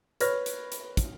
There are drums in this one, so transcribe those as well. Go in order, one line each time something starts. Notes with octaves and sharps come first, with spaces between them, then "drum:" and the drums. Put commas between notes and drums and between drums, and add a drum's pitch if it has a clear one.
B4 C#5 F6 A#6, drum: hi-hat
drum: hi-hat
drum: hi-hat
drum: kick, hi-hat